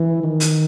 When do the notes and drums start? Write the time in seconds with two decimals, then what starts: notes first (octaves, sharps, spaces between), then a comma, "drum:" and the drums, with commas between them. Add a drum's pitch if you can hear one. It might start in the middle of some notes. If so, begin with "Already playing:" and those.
Already playing: E3
0.24 D#3
0.40 drum: hi-hat